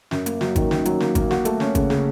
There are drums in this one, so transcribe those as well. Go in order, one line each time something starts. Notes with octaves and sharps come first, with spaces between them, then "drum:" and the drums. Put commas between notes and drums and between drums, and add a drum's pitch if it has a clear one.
F#2, drum: snare
A#3, drum: hi-hat
F#3, drum: snare
D#3, drum: kick G#1, hi-hat
D#3, drum: snare
F#3, drum: hi-hat
A#3, drum: snare
A#3, drum: kick G#1, hi-hat
F#4, drum: snare
A3, drum: hi-hat
C#4, drum: snare
C#3, drum: kick G#1, hi-hat
C#3, drum: snare